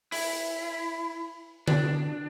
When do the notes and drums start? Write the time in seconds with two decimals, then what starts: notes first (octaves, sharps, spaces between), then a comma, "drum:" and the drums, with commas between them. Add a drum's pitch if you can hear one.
0.12 E4, drum: open hi-hat
1.68 D4, drum: tom D3